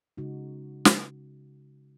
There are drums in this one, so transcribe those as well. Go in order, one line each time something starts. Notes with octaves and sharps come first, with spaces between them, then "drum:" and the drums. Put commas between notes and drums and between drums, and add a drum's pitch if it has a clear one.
C#3 G#3 D#4 F#4
drum: snare